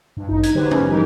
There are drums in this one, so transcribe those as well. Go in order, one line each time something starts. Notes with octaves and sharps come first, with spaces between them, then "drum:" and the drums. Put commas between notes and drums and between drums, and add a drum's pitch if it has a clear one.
G2
A1 D#4
G#6, drum: hi-hat
D3 F#3 G4 B4 C5
C#4, drum: tom G2
E3 F3 G3 D#4 G4 A#4